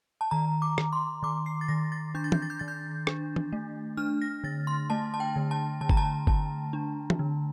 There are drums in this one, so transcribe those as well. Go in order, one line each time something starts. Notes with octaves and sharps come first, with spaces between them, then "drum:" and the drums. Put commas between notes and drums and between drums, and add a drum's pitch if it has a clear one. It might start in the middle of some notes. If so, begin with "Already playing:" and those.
A5
D#3 A#5
D6
D#3, drum: rim click
C6
D#3 D6
C7
A6
D#3 A#6
A6
D4 G6
A6
G6, drum: tom
A6
G6
D#3 A6
G6
D4, drum: rim click
drum: tom
A3
D4 F6
A#6
D3 A6
C6
A3 A5
A5
G5
D3
A5
D3 A5
A#5, drum: kick G1
A5
D3 A5, drum: kick G1
D4
drum: tom
D3